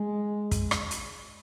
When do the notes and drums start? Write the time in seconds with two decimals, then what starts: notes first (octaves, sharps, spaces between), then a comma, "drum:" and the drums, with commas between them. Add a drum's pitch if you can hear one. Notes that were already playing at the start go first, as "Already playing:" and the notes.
Already playing: G#3
0.51 drum: kick, hi-hat
0.71 drum: rim click
0.91 drum: hi-hat